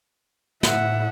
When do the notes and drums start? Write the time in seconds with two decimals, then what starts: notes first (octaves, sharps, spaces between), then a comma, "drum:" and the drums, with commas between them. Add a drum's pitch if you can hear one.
0.63 A2 E5 F#5, drum: snare